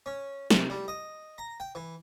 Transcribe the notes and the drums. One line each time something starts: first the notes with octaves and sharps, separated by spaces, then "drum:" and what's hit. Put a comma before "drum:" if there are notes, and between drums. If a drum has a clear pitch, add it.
C#4
C3, drum: snare
G3
D#5
A#5
G5
E3